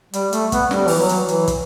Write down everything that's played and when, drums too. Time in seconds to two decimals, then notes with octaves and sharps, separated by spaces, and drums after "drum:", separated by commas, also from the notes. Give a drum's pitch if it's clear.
0.13 G3, drum: hi-hat
0.33 A3, drum: hi-hat
0.52 B3, drum: kick, hi-hat
0.71 G3, drum: snare
0.87 E3, drum: open hi-hat
0.99 F#3
1.09 drum: hi-hat
1.28 E3, drum: hi-hat
1.48 drum: kick, hi-hat